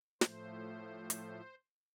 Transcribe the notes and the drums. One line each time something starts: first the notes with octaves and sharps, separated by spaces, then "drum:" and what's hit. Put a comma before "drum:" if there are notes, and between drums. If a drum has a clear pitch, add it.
A2 F3 A3 C5, drum: snare
drum: hi-hat